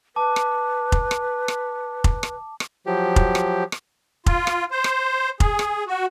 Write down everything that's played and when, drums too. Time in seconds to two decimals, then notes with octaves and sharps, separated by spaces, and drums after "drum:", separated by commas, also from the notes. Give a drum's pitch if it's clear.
0.16 B4 A5 D6
0.36 drum: rim click
0.92 drum: kick F1
1.11 drum: rim click
1.48 drum: rim click
2.04 drum: kick F1
2.23 drum: rim click
2.60 drum: rim click
2.86 F3 F#3 G4
3.16 drum: kick F1
3.35 drum: rim click
3.72 drum: rim click
4.26 F4, drum: kick F1
4.47 drum: rim click
4.71 C5
4.84 drum: rim click
5.40 G#4, drum: kick F1
5.59 drum: rim click
5.87 F#4